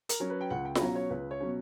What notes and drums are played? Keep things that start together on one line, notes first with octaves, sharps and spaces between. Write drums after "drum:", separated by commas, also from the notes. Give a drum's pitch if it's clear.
A#4, drum: hi-hat
F#3 C#4
B4
G5
C#2 F#5
G5
B5, drum: snare F4
B2 F#3 C#4 A#5
C#5
C#2 B4
C#5
B2 F#3 C#4